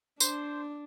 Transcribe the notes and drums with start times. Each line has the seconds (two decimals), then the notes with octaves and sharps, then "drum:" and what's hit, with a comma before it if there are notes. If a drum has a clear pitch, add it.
0.20 D4 C5, drum: tambourine